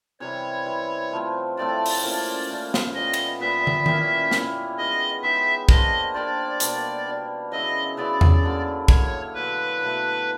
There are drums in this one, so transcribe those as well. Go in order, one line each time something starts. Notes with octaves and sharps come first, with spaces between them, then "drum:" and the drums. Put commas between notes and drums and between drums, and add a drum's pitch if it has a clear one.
C3 E3 G3 C#5
C3 E3 G3
A2 F3 A3 C4
A2 F3 A3 C4 D5
drum: open hi-hat
A2 F3 A#3 C#4
A2 F3 A#3 C#4
drum: snare
A#2 G3 B3 D#5
drum: cymbal
A#2 G3 B3 E5
drum: tom
A#3 C#4 E4 G4, drum: tom D#3
A#3 C#4 E4 G4, drum: snare
G#3 B3 D#4 G4 D#5
G#3 B3 D#4 G4 E5
A#3 D4 G4 C5 D#5, drum: kick
A#3 D4 G4 C5 D5
B2 G3 A#3 D4, drum: hi-hat
B2 G3 A#3 D4
C#3 F#3 B3 E4 D#5
C#3 F#3 B3 E4 D5
drum: tom E2
D3 F#3 A#3
D3 F#3 A#3 C#5, drum: kick
B2 F#3 A3 B4
B2 F#3 A3